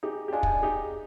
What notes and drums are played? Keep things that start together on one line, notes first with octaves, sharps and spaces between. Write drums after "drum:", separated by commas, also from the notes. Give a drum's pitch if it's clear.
D#4 G4 G#4
G4
D4 F4 D#5 G#5
drum: kick
D#4 G4 G#4